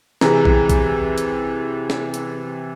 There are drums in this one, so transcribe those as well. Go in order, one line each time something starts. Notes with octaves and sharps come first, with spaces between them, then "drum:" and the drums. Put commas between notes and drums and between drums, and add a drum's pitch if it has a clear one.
C3 E3 G#4 A#5, drum: snare
drum: kick A#1
drum: kick A#1, hi-hat
drum: hi-hat
drum: snare
drum: hi-hat